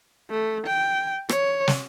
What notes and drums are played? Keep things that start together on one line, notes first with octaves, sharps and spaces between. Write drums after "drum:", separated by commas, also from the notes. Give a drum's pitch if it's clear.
A3
G5
C#5, drum: rim click
drum: snare